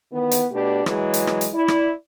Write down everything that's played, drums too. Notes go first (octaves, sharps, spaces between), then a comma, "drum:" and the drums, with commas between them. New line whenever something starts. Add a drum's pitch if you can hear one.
D#3 E3 B3
drum: hi-hat
B2 A3 D4 G4
E3 F#3 G#3, drum: rim click
drum: hi-hat
drum: rim click
drum: hi-hat
E4 D5
drum: rim click